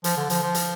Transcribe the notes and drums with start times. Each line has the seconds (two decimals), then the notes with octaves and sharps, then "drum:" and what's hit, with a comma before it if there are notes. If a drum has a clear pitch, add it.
0.04 F3, drum: hi-hat
0.17 D3
0.30 F3, drum: hi-hat
0.42 F3
0.55 drum: hi-hat